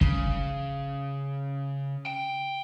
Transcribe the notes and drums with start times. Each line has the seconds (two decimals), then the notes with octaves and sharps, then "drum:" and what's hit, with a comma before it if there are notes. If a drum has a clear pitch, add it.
0.01 C#3, drum: kick
2.06 G5